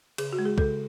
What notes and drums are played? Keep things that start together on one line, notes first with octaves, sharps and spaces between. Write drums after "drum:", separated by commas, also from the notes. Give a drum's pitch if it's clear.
C#3 G#4, drum: cymbal
F#4
G#3
G#4
C#3 A4, drum: kick